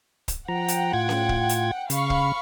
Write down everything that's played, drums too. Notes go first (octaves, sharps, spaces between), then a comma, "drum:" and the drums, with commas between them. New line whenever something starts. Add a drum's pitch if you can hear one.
drum: kick, hi-hat
F3 F#5 G5 A#5
drum: hi-hat
A2 F4 G#6
drum: snare C#4
drum: kick
drum: hi-hat
C#3 F5 B5 C#6, drum: hi-hat
drum: kick